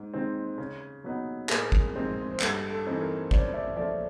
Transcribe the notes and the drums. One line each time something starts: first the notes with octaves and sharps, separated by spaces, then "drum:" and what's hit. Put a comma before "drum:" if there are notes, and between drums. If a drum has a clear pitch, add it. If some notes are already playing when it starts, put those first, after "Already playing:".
Already playing: G#2
D#3 G#3 C4
C#3
F#3 B3 D#4
A2 G#4 A#4, drum: clap
drum: kick
F3 G#3 C4 D#4
C5
G2 A4 B4, drum: clap
A4
E3 A3 C4 D#4
A#4 C5
C#3 C5 D5, drum: kick
D5 E5
F3 A3 D5 E5